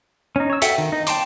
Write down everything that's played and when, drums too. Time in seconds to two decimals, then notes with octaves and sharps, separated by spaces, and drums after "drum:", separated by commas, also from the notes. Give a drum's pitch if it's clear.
0.36 C#4 D#4
0.50 C#5 E6
0.62 F#4 A4 E5 F#5 G5, drum: hi-hat
0.78 D#3
0.92 D#4
1.07 G5 A5 C6 D6, drum: hi-hat